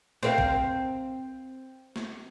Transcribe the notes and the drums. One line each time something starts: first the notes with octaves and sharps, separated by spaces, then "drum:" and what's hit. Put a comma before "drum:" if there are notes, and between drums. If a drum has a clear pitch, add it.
C4 A#4 F5, drum: snare
drum: kick
drum: snare